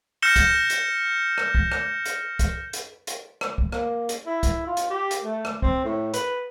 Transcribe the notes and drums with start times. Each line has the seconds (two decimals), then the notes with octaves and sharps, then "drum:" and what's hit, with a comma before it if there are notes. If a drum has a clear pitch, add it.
0.22 F6 G6 A#6 C#7 E7 G7
0.36 drum: kick, hi-hat
0.70 drum: hi-hat
1.38 drum: rim click
1.55 drum: kick
1.72 drum: rim click
2.05 drum: hi-hat
2.39 drum: kick, hi-hat
2.73 drum: hi-hat
3.07 drum: hi-hat
3.41 drum: rim click
3.58 drum: kick
3.72 A#3, drum: rim click
4.09 drum: hi-hat
4.26 E4
4.43 drum: kick, hi-hat
4.67 F4
4.77 drum: hi-hat
4.90 G4
5.11 drum: hi-hat
5.23 A3
5.45 drum: rim click
5.62 C4, drum: kick
5.84 A2
6.14 B4, drum: hi-hat